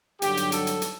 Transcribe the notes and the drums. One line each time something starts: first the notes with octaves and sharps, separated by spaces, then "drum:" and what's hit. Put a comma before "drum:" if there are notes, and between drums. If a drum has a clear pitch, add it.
G2 D3 F#3 G4, drum: hi-hat
drum: hi-hat
A4, drum: hi-hat
drum: hi-hat
drum: hi-hat